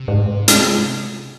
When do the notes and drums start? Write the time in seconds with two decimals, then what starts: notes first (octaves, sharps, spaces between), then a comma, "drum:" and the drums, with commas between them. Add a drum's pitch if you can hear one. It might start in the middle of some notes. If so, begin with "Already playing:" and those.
Already playing: C3
0.08 G#2
0.48 G#3, drum: hi-hat